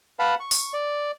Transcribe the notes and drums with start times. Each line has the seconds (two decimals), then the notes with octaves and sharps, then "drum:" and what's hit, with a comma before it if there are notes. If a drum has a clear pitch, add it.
0.19 B4 F5 F#5 A5 B5
0.40 C#6
0.51 drum: open hi-hat
0.73 D5